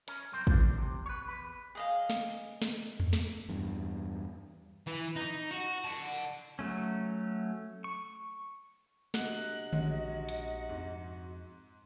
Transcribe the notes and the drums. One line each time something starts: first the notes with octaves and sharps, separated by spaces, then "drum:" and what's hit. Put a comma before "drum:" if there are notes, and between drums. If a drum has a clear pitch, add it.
C#4 A#4, drum: hi-hat
C2 F#2 C4 C5
G#2 D4, drum: kick
C3
B4 C#5
E2 B4
G#4 D#5 F5
drum: snare
drum: snare
drum: tom E2
drum: snare
E2 G2
E3
D#4
F#4
F#5 A5
F#3 A3 C#4
C#6
C3 D4 F#4 D#5 F#6, drum: snare
A#1 G#3 C#4 F#4, drum: tom D3
drum: hi-hat
F2 G#2